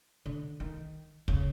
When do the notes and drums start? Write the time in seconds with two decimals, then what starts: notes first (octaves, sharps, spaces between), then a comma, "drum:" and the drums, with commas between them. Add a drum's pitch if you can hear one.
0.26 D3
0.60 D#3
1.28 C#3, drum: kick